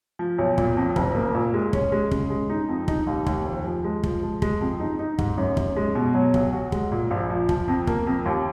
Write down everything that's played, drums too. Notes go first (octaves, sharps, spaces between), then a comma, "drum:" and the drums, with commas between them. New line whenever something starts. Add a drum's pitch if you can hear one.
F3
B1
A#2, drum: kick
F2
F#1, drum: kick
A#3
A#2
G#3
C#4, drum: kick
G#3
C#3, drum: kick
G#3
D#4
F2
D#4, drum: kick
D#2
D#2, drum: kick
F1
F3
G#3
F3, drum: kick
G#3
G#3, drum: kick
F2
D#4
D#4
G#2, drum: kick
F#2
F#2, drum: kick
G#3
B2
F#3
B1, drum: kick
F#4
G#3, drum: kick
A#2
A#1
F3
F3, drum: kick
F2
A#3, drum: kick
F2
D#2